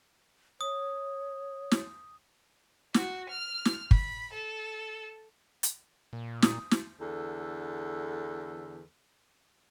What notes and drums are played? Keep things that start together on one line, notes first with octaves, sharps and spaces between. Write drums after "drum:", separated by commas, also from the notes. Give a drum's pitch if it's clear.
C#5 D#6
drum: snare
F#4, drum: snare
F6
drum: snare
B5, drum: kick
A4
drum: hi-hat
A#2
D#6, drum: snare
drum: snare
E2 D3 A4